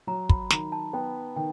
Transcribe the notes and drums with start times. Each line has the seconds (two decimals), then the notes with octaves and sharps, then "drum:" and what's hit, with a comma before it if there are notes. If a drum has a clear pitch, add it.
0.07 F#3 A#5
0.29 B5, drum: kick
0.50 D#3 A#5, drum: snare
0.72 A5
0.93 B3 G5
1.36 D#3 G5